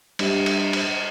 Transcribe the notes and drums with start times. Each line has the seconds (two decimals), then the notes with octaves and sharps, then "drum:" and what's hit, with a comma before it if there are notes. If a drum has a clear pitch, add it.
0.19 G3 D4 G4 E5, drum: cymbal
0.46 drum: cymbal
0.73 drum: cymbal